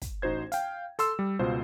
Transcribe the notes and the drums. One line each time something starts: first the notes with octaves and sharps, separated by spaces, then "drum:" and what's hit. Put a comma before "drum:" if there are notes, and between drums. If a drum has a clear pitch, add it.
drum: kick, hi-hat
A1 D#4 F#4 C5 G#6
F5 G5, drum: hi-hat
A4 C6 E6, drum: hi-hat
G3
C#2 B2 F4 C5